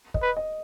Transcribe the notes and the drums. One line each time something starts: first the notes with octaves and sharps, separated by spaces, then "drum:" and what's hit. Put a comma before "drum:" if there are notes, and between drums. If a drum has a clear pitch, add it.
D#5, drum: kick
B4
D#5